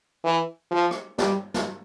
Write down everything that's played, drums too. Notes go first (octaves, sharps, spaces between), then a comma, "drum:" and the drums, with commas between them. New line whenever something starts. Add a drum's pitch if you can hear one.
E3
F3
drum: rim click
G3, drum: snare
drum: snare